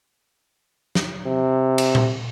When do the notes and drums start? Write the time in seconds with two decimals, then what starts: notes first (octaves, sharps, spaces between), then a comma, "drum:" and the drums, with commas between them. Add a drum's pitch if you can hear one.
0.95 drum: snare
1.26 C3
1.78 drum: cymbal
1.95 drum: tom A#2